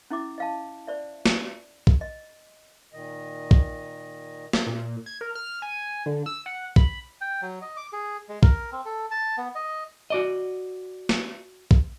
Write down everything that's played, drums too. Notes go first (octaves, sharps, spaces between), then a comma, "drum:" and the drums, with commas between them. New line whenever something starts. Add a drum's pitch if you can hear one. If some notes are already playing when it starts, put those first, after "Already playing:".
C#4 E4 E5 D6
D#5 F5 A5
C5 D5 E5
drum: snare
drum: kick
D#5
A#2 D#3 D#5
drum: kick
drum: snare
A#2
G#6
A#4
F6
G#5
D3
E6
F#5
B5, drum: kick
G5
F#3
D#5
D6
G#4
G#3
A#4, drum: kick
C4
A4
A5
B3
D#5
F#4 D5 D#5
drum: snare
drum: kick